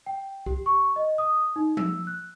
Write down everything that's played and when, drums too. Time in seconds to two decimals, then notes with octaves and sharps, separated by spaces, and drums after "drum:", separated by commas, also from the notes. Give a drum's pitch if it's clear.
0.06 G5
0.46 G4, drum: kick C2
0.66 C#6
0.96 D#5
1.18 D#6
1.56 D#4
1.77 E6, drum: tom F3
2.07 F#6